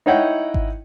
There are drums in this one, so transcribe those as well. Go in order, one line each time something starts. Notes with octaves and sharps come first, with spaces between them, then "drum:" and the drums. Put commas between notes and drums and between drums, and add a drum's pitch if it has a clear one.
D#4 E4 C#5 D#5 F#5 G5
drum: kick G#1